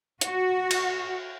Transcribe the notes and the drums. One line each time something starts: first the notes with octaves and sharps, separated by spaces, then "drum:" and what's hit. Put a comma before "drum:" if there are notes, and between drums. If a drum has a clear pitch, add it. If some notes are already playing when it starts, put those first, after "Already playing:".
F#4, drum: hi-hat
drum: cymbal